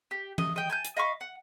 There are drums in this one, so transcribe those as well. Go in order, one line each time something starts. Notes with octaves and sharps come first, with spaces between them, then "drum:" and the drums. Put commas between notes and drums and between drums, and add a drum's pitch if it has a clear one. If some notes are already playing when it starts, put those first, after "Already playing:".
G4
D#5, drum: tom E3
D#5 G5
G#5 A5 G6
drum: hi-hat
D#5 F5 B5 C#6
F#5